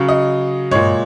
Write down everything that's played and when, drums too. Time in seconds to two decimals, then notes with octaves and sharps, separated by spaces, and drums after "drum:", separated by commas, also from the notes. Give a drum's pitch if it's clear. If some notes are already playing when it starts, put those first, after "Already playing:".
Already playing: C#3 F#3
0.09 D#5
0.71 A#2 G#3 C#5, drum: tom G2